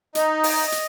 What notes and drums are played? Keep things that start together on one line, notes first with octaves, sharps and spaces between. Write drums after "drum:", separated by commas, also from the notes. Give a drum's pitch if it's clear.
D#4 D#5, drum: hi-hat
drum: open hi-hat
drum: hi-hat